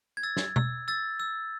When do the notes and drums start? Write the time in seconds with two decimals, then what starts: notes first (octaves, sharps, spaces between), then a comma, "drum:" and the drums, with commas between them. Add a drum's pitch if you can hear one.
0.17 G#6
0.23 E6 A6
0.37 drum: snare
0.56 E6, drum: tom B2
0.88 E6 A6
1.20 E6